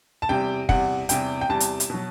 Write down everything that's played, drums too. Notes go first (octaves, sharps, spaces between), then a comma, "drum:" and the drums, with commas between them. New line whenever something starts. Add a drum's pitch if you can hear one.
A5
E2 C3 G3 G5
E2 C3 G3 F#5, drum: kick
E2 C3 G3 G5, drum: hi-hat
G5
E2 C3 G3 A5
drum: hi-hat
drum: hi-hat
B2 F#3